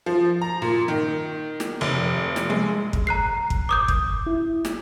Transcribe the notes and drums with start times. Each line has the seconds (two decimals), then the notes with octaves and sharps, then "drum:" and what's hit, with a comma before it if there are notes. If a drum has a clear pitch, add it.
0.06 F3
0.42 A#5
0.62 A#2
0.88 D#3
1.60 drum: snare
1.81 F1
2.36 drum: snare
2.50 G#3
2.93 drum: kick
3.07 A#5 F#6 C7
3.50 drum: kick
3.69 D6 D#6 G6
3.88 drum: kick
4.26 E4
4.65 drum: snare